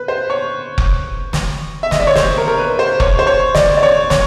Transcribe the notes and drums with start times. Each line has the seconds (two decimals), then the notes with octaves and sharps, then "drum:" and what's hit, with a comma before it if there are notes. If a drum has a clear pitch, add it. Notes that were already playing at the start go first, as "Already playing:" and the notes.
Already playing: B4
0.08 C5
0.30 C#5
0.78 drum: kick F1
1.33 drum: snare
1.83 E5
1.91 D#5, drum: snare
2.00 D5
2.07 C#5
2.16 C5, drum: snare
2.38 A#4
2.48 A#4
2.58 B4
2.79 C5
3.00 C#5, drum: kick F1
3.19 C5
3.27 C#5
3.55 D5, drum: snare
3.77 D5
3.83 C#5
4.10 C#5, drum: snare